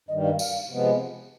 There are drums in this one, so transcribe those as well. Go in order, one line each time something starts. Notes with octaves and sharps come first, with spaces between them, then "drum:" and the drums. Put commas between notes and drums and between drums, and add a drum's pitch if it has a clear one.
G2 D#3 G3 D#5
F5
F5, drum: tambourine
C3 F3 G#3 B3